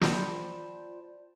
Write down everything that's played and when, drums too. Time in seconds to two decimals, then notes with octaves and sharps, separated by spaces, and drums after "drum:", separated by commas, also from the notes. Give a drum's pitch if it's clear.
0.01 F4 C5 D5 G5 A5 B5, drum: snare